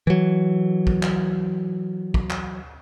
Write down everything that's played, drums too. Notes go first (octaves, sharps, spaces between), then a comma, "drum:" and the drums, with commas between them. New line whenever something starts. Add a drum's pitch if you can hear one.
E3 F#3
drum: kick
drum: clap
drum: kick
drum: clap